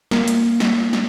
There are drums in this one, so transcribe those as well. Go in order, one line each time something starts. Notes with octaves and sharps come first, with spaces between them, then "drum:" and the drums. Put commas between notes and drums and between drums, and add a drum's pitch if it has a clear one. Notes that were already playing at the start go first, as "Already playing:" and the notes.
A#3, drum: snare
drum: hi-hat
drum: snare
drum: snare